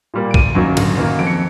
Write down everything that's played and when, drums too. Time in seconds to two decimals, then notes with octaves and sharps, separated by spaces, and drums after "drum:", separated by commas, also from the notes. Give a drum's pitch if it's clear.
0.14 A#2 G3 A#3
0.31 D7
0.34 G1 D#7, drum: kick
0.55 F#2 D#3 F#3 A#3
0.77 G1, drum: cymbal
0.97 F#2 D#3 F#3 A#3
1.19 F2 D7
1.26 C#7